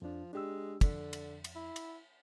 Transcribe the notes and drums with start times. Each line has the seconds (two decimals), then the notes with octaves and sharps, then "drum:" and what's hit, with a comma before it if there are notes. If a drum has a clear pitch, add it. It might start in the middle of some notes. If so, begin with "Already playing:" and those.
0.02 F2 F3 D4
0.33 G#3 D4 G4 E6
0.81 F2 D3, drum: kick, cymbal
1.13 drum: cymbal
1.44 drum: cymbal
1.55 E4
1.76 drum: cymbal